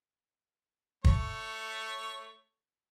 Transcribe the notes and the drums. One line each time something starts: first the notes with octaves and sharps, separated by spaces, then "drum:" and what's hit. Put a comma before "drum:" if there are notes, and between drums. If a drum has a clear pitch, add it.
A3 C#5, drum: kick